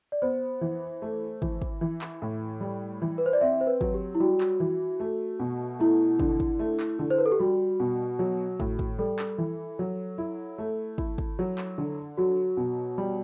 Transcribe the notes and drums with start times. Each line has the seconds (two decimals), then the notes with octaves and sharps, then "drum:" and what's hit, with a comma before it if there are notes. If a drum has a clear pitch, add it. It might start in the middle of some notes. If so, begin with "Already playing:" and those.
0.12 D5
0.22 B3 C5
0.61 E3
1.02 A3
1.42 E3, drum: kick
1.62 drum: kick
1.81 E3
2.01 drum: clap
2.22 A2
2.61 G3
3.02 E3
3.18 B4
3.26 C5
3.33 D5
3.41 C4 E5
3.61 C5
3.67 B4
3.81 F#3, drum: kick
3.94 G4
4.15 E4
4.20 G3 F#4
4.41 drum: clap
4.60 E3
5.00 A3
5.40 B2
5.80 A3 E4
6.19 D3, drum: kick
6.40 drum: kick
6.59 A3
6.80 drum: clap
6.99 D3
7.10 C5
7.18 B4
7.26 A4
7.32 G4
7.39 G3 F#4
7.80 B2
8.19 F#3
8.60 A2, drum: kick
8.79 drum: kick
8.98 G3 A4
9.19 drum: clap
9.38 E3
9.79 F#3
10.18 E4
10.58 A3
10.98 E4, drum: kick
11.18 drum: kick
11.39 F#3
11.58 drum: clap
11.78 D3
12.17 F#3 F#4
12.57 B2
12.98 G3